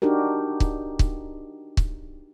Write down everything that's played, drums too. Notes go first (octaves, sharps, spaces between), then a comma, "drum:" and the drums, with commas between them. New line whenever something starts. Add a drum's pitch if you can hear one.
D4 D#4 F#4 G4 A#4
drum: kick C#1
drum: kick C#1
drum: kick C#1